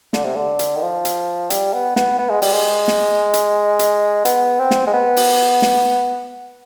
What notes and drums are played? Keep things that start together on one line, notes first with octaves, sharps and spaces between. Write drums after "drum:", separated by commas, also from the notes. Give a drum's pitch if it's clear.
D3, drum: snare
C3
D3
drum: hi-hat
D#3
F3
drum: hi-hat
G3, drum: hi-hat
B3
B3, drum: snare
B3
G#3
G3, drum: open hi-hat
G#3
drum: snare
drum: hi-hat
drum: hi-hat
B3, drum: hi-hat
C4
drum: snare
G#3
B3
drum: open hi-hat
drum: snare